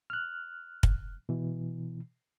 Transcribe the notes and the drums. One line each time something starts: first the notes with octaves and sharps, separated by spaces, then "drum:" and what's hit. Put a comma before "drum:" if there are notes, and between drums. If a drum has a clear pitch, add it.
F6 F#6
drum: kick
B2 E3